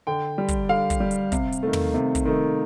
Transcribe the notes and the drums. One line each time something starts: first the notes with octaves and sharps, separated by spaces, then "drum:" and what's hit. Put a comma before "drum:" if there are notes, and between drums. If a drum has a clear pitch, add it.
D3 G5
G3
drum: kick, hi-hat
D3 F5
drum: kick, hi-hat
G3
drum: hi-hat
C3, drum: kick, hi-hat
drum: hi-hat
D#3 A3
drum: tom
C3
drum: kick, hi-hat
D#3 A3